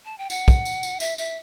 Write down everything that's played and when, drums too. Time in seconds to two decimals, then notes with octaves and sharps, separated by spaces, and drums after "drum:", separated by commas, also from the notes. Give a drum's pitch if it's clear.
0.05 A5
0.18 G5
0.30 F#5, drum: tambourine
0.48 drum: kick, tambourine
0.65 drum: tambourine
0.83 drum: tambourine
1.00 E5, drum: tambourine
1.18 E5, drum: tambourine